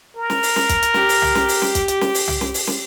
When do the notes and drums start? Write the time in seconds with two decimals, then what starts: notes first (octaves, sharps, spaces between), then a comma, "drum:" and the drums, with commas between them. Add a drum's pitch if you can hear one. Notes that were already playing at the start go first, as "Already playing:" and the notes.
0.16 A#4
0.30 drum: snare
0.43 drum: open hi-hat
0.56 drum: snare
0.69 drum: kick, hi-hat
0.82 drum: hi-hat
0.94 G4, drum: snare
1.09 drum: open hi-hat
1.22 drum: tom
1.35 drum: snare
1.48 drum: open hi-hat
1.62 drum: snare
1.75 drum: kick, hi-hat
1.88 drum: hi-hat
2.01 drum: snare
2.15 drum: open hi-hat
2.28 drum: tom
2.41 drum: snare
2.54 drum: open hi-hat
2.67 drum: snare